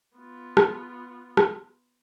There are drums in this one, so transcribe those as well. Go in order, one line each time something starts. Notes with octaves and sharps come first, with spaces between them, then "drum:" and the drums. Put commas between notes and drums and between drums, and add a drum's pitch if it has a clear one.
B3 F4
drum: rim click
drum: rim click